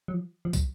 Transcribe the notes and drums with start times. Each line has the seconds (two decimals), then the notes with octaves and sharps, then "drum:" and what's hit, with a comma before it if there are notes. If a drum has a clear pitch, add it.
0.08 F#3
0.14 F3
0.45 F3
0.53 F#3, drum: kick, tambourine